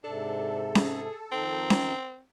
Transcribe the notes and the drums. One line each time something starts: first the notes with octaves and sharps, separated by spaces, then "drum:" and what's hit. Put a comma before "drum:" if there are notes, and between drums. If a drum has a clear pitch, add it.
G#2 C3 D4 A4
G#4, drum: snare C#4
F2 D#3 C4 D#4
drum: snare C#4